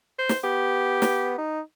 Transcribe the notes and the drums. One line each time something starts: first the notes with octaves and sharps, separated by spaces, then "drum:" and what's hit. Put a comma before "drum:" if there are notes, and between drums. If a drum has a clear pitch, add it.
C5
drum: snare
B3 G4
drum: snare
D#4